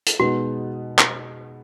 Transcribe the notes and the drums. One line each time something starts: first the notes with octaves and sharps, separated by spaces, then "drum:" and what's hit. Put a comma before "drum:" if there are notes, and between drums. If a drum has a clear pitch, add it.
drum: hi-hat
B2 G#3 B3 D#4 F#4
drum: clap